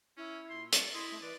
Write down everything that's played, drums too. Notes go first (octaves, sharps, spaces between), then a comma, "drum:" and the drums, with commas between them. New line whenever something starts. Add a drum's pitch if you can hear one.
C#4 E4
A#2 C6
G3 A4 D5, drum: hi-hat
E4 D#5 C6
A3
E3 B4 D5